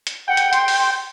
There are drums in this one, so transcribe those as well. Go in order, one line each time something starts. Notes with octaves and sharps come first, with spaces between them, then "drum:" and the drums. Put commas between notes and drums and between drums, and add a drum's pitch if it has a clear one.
drum: hi-hat
F#5 G5
drum: hi-hat
C6, drum: hi-hat
drum: open hi-hat